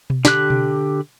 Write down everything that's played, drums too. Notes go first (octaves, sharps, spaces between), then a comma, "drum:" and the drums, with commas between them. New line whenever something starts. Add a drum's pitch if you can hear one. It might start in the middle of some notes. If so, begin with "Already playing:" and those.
drum: tom B2
D3 G4 F#6, drum: snare
drum: tom B2